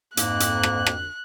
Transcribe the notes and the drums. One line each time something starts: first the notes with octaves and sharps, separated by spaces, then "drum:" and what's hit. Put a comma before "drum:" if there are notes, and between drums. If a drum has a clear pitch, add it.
F2 G#2 A#3 F#6, drum: hi-hat
drum: hi-hat
drum: rim click
drum: rim click